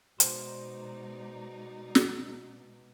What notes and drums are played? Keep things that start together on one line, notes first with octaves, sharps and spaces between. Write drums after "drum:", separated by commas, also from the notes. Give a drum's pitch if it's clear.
B2 G#3 D#4 F#4 C5 D5, drum: hi-hat
drum: snare